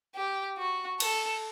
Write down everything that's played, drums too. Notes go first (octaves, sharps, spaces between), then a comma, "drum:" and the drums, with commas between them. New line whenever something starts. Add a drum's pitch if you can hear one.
G4
F#4
A4, drum: cymbal